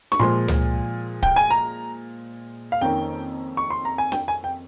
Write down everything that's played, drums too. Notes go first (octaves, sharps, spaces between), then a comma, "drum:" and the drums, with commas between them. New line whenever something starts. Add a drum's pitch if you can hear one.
C#6, drum: snare
A#2 F3 G#3 C6
drum: tom C#2
G5, drum: kick C#1
G#5
A#5
F5
F2 D#3 A#3 C#4 G5
C#6
C6
A#5
G#5
G5, drum: snare
G#5
G5